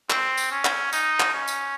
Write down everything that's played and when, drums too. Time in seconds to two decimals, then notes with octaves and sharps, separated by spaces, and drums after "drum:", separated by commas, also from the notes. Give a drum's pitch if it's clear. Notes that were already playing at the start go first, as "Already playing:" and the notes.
0.10 C4, drum: clap
0.37 drum: tambourine
0.51 C#4
0.65 drum: clap
0.93 D#4, drum: tambourine
1.20 drum: clap
1.34 C#4
1.48 drum: tambourine